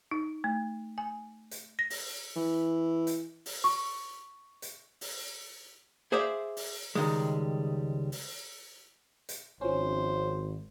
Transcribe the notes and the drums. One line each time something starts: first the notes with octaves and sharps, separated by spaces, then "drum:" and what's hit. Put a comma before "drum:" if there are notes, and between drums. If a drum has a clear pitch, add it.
D#4
A3
G#5
drum: hi-hat
A#6
drum: open hi-hat
E3
drum: hi-hat
drum: open hi-hat
C#6
drum: hi-hat
drum: open hi-hat
G#4 C5 D5 E5 F5
drum: open hi-hat
C#2 D#3 G3 G#3
drum: open hi-hat
drum: hi-hat
G#1 F3 C#4 C5